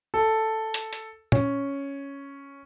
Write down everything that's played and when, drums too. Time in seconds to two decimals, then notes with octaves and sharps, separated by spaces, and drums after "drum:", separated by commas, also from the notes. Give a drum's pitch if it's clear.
0.14 A4
0.74 drum: hi-hat
0.93 drum: hi-hat
1.32 C#4, drum: tom